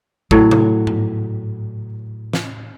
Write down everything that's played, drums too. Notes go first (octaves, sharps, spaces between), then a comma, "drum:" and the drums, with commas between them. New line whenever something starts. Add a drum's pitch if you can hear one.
A2 F#3, drum: kick
drum: tom C3
drum: tom G#2
drum: snare